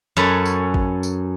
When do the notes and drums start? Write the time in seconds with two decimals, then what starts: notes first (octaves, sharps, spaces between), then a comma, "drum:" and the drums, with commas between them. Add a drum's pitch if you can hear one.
0.17 F#2 C#4 A4 B4
0.45 drum: tambourine
0.74 drum: kick
1.03 drum: tambourine